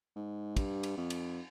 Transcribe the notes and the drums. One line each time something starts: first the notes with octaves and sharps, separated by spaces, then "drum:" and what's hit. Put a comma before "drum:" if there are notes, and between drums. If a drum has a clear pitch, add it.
G#2
G2, drum: kick, cymbal
drum: cymbal
F2
drum: cymbal